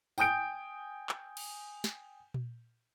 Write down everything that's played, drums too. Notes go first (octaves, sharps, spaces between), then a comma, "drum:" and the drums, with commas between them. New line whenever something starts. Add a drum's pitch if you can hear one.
G5 G#5 D#6 G6 D7, drum: tambourine
drum: clap
drum: cymbal
drum: snare
drum: tom A#2